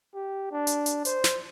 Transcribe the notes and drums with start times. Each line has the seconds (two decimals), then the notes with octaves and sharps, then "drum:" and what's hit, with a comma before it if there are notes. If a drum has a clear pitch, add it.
0.15 G4
0.52 D4
0.67 drum: hi-hat
0.86 drum: hi-hat
1.05 C5, drum: hi-hat
1.24 drum: snare